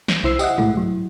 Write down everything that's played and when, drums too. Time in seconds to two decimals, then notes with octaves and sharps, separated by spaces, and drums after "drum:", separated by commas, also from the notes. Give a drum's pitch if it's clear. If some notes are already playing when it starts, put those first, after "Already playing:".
0.08 drum: snare
0.24 C2 E4 C5 E6 C7
0.39 G4 D#5 E5 F#5, drum: tambourine
0.58 G#3 A3 E4, drum: tom
0.77 F#3